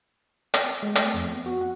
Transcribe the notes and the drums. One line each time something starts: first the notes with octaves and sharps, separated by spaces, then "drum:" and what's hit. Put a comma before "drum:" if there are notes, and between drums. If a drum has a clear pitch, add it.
drum: hi-hat
G#3
A3, drum: hi-hat
F2
B3
F#4
F#5